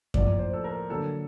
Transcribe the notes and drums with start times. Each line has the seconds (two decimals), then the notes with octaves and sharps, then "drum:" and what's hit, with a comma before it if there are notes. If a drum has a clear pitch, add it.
0.14 A2 F3 A#3 D5, drum: kick F#2
0.39 C5
0.53 A4
0.64 A#4
0.90 D3 F#3 A#3 A4